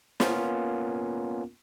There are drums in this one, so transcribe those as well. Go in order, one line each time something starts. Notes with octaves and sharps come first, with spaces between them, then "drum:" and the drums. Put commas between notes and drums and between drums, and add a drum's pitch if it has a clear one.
A#3 B3 C#4 F4 A#4, drum: snare